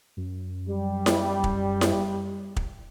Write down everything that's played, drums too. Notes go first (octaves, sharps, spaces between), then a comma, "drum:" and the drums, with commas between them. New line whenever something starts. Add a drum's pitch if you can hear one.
F#2
G3
drum: snare E4
drum: kick
drum: snare E4
drum: kick